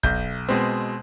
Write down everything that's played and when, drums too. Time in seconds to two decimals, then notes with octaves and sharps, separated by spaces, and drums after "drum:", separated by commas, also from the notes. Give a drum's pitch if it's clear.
0.03 B1 G6, drum: kick
0.49 B2 G#3 C4